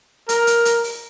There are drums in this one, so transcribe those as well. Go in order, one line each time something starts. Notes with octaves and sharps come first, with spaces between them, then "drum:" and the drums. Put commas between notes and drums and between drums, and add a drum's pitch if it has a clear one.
A#4, drum: hi-hat
drum: hi-hat
drum: hi-hat
drum: open hi-hat